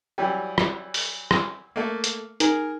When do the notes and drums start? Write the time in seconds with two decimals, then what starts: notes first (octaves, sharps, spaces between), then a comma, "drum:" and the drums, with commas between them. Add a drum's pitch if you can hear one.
0.18 E3 F#3 G3 G5
0.58 drum: rim click
0.94 drum: open hi-hat
1.31 drum: rim click
1.76 A3 A#3
2.04 drum: hi-hat
2.40 D#4 G#4 A#4, drum: hi-hat